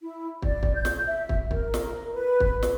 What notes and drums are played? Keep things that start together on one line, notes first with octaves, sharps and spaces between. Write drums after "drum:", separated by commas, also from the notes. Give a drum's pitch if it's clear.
E4
D5, drum: kick
drum: kick
G6
drum: snare
E5
drum: kick
A#4, drum: kick
drum: snare
B4
drum: kick
drum: snare